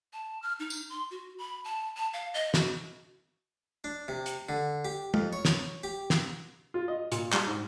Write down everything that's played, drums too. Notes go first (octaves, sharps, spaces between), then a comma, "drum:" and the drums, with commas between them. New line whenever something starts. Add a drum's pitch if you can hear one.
A5
F6
D#4
drum: tambourine
C6
F#4
B5
A5
A5
F5
D#5
F#4, drum: snare
D4
C3
drum: hi-hat
D3
G4
F2, drum: tom
C#5
drum: snare
G4
drum: snare
F4
D#5
A#2, drum: hi-hat
G3, drum: clap
G#2